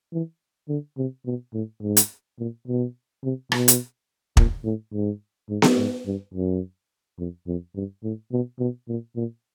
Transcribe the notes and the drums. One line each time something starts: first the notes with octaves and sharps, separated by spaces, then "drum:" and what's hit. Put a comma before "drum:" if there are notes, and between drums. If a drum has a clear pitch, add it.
E3
D3
C3
B2
A2
G#2
drum: hi-hat
A#2
B2
C3
B2, drum: rim click
drum: hi-hat
A#2, drum: kick
A2
G#2
G#2
drum: snare B3
G#2
G2
F#2
F2
F2
G2
A2
B2
B2
A#2
A#2